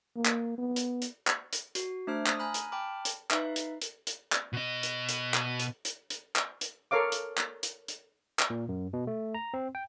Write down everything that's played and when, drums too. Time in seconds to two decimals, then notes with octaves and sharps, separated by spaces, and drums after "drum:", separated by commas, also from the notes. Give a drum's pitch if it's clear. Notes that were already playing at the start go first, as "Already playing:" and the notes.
0.16 A#3
0.25 drum: clap
0.58 B3
0.76 drum: hi-hat
1.02 drum: hi-hat
1.27 drum: clap
1.53 drum: hi-hat
1.75 F#4, drum: hi-hat
2.07 A3 D4 C5 F6
2.26 D#6, drum: clap
2.39 G#5 A#5 B5 F6 F#6
2.54 drum: hi-hat
2.72 G5 A5 B5 D6 F6
3.05 drum: hi-hat
3.31 D#4 B4 E5 F5, drum: clap
3.56 drum: hi-hat
3.82 drum: hi-hat
4.07 drum: hi-hat
4.32 drum: clap
4.53 B2 D#5
4.83 drum: hi-hat
5.09 drum: hi-hat
5.34 drum: clap
5.60 drum: hi-hat
5.85 drum: hi-hat
6.10 drum: hi-hat
6.36 drum: clap
6.61 drum: hi-hat
6.91 A4 A#4 C#5 F5 D6
7.12 drum: hi-hat
7.38 drum: clap
7.63 drum: hi-hat
7.88 drum: hi-hat
8.39 drum: clap
8.50 A#2
8.69 F#2
8.93 B2
9.07 A3
9.35 A#5
9.54 C4
9.75 G5